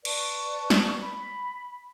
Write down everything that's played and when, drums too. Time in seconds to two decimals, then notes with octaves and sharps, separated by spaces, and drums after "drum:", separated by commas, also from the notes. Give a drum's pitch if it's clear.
0.05 B4 D5 A5 C#6, drum: cymbal
0.70 drum: snare
1.00 B5